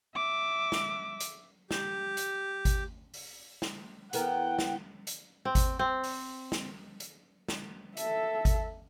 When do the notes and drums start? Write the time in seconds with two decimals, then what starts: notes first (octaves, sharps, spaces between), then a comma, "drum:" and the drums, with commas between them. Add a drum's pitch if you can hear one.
0.15 E5 D6
0.72 drum: snare
1.20 drum: hi-hat
1.71 G4, drum: snare
2.17 drum: hi-hat
2.65 drum: kick G#1, hi-hat
3.14 drum: open hi-hat
3.62 drum: snare
4.13 E2 B3 A#4 F#5 G5, drum: hi-hat
4.59 drum: snare
5.07 drum: hi-hat
5.45 C4
5.55 drum: kick G#1, hi-hat
5.79 C4
6.04 drum: open hi-hat
6.52 drum: snare
7.00 drum: hi-hat
7.48 drum: snare
7.97 A4 E5, drum: hi-hat
8.45 drum: kick G#1, hi-hat